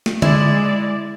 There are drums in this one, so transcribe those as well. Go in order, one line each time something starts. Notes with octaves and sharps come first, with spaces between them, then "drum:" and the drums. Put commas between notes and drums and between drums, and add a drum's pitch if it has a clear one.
drum: snare
G#3 E4 D5, drum: tom D3